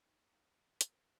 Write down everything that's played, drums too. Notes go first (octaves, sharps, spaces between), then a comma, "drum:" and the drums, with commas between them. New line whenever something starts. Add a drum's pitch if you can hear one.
D#4
F5 G5 A#5
A#4 C5, drum: hi-hat